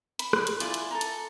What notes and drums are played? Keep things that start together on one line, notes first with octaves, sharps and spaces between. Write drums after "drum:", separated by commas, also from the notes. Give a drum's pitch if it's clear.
B5, drum: hi-hat
drum: rim click
drum: hi-hat
E4 F4 D5 G#5, drum: hi-hat
drum: hi-hat
A4 A#5
drum: hi-hat